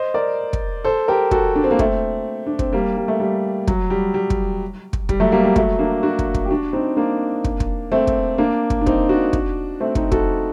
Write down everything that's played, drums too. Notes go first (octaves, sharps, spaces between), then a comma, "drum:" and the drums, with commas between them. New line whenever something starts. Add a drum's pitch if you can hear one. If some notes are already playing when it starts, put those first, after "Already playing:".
Already playing: C5 D#5
A#4 D5
drum: kick
A4 C5
G4 A#4
F#4 A4, drum: kick
D4
C4
A#3
A3 C4, drum: kick
D4
C4, drum: kick
G3 A#3
G3
A3
G3
F#3, drum: kick
G3
G3
drum: kick
drum: kick
G3, drum: kick
F#3 A3
G3 A#3
G3
F#3 A3, drum: kick
A#3 D4
D4 F#4
drum: kick
drum: kick
G4
D4 F#4
C4 D#4
A#3 D4
drum: kick
drum: kick
A3 C4
drum: kick
A#3 D4
drum: kick
D4
C4 D#4, drum: kick
D4 F#4
drum: kick
A3 C4
C4 D#4, drum: kick
F#4 A4, drum: kick